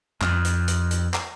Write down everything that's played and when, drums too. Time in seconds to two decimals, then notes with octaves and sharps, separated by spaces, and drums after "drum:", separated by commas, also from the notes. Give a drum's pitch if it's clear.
0.21 F2, drum: clap
0.45 drum: hi-hat
0.68 drum: hi-hat
0.91 drum: hi-hat
1.14 drum: clap